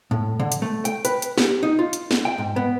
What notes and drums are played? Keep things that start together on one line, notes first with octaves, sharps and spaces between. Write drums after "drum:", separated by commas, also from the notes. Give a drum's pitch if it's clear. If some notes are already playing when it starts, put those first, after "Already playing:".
A2
D3
drum: hi-hat
A3
G5, drum: hi-hat
B4, drum: hi-hat
drum: hi-hat
G4, drum: snare
D#4
F4
drum: hi-hat
drum: snare
G5
G#2
B3